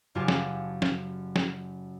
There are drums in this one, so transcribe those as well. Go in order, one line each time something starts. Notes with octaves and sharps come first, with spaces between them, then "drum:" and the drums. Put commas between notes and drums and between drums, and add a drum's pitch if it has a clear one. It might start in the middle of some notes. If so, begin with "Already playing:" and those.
F#1 F#2 F4 G4 G#5 A5
drum: snare
drum: snare
drum: snare